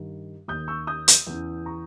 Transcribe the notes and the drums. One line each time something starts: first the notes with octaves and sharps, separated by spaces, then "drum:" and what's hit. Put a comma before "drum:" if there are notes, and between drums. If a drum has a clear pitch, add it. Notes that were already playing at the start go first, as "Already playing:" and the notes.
Already playing: G2 D#3
D#2 D#3 D#6 G6
C#6 E6
D#6 G6
drum: hi-hat
E2 C#3 E3
A#5 C#6